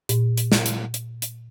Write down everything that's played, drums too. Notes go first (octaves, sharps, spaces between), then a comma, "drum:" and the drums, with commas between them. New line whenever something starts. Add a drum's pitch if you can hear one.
A#2, drum: hi-hat
drum: hi-hat
drum: snare
drum: hi-hat
drum: hi-hat
drum: hi-hat